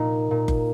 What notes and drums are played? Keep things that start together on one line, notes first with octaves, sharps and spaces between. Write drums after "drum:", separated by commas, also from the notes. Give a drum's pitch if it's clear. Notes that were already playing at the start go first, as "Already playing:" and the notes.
Already playing: A#2 A#3 D#4
A#2
drum: kick F#1